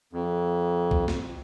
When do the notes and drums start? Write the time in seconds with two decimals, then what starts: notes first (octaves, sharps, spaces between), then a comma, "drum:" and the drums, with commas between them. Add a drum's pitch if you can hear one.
0.13 F2
0.91 drum: kick
1.08 drum: snare